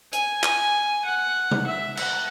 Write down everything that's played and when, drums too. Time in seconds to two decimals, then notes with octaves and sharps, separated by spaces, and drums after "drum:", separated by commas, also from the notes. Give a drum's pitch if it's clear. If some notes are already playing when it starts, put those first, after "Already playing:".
0.13 G#5, drum: hi-hat
0.43 G#5, drum: clap
1.05 F#5
1.51 drum: tom C3
1.67 E5
1.97 F#5, drum: cymbal